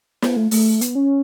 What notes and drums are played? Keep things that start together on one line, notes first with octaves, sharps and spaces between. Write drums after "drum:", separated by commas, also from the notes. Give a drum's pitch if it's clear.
B3, drum: snare
A3
A3, drum: open hi-hat
B3, drum: hi-hat
C#4